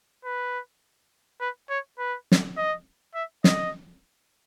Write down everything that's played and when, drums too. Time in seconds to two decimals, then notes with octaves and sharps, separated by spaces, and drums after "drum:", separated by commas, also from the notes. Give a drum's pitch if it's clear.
0.25 B4
1.41 B4
1.70 C#5
1.99 B4
2.32 drum: snare
2.57 D#5
3.15 E5
3.44 D#5, drum: snare